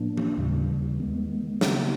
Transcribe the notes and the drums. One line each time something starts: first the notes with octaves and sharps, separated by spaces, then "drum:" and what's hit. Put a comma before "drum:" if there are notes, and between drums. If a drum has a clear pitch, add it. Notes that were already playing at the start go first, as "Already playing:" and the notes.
Already playing: A2 F3 A#3 D4
drum: tom E3
D#2 C#3 E3 G3
D#3 G#3 B3
C#3 F3 A#3 D#4, drum: snare